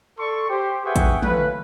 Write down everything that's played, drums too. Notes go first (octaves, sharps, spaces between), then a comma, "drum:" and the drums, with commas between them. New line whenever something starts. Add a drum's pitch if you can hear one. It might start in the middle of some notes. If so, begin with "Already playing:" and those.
A4 D5 C6 C#6
G4 C5
G#4 B4 E5 F#5 G5 C#6
drum: kick A#1, hi-hat
A3 C#4 F4 B4, drum: tom